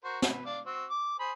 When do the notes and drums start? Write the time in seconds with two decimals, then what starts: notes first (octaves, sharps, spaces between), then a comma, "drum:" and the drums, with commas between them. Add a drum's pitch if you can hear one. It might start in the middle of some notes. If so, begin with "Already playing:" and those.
0.05 F#4 A#4 C5
0.22 B4, drum: snare
0.46 D4 D5 F5
0.65 C4 F#4
0.90 D6
1.19 G#4 C5 B5